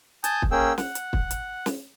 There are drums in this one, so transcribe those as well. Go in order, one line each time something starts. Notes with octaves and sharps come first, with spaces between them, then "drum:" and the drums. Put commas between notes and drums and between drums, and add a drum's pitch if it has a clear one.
G#5 A5 D#6 G6, drum: hi-hat
drum: kick
A#3 C#4 G#4 G5 E6
F#5, drum: snare
drum: hi-hat
drum: kick
drum: hi-hat
drum: snare